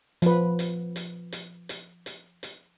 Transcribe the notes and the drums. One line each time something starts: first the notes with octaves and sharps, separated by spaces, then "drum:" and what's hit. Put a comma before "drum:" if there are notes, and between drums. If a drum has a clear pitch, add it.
F3 B4, drum: hi-hat
drum: hi-hat
drum: hi-hat
drum: hi-hat
drum: hi-hat
drum: hi-hat
drum: hi-hat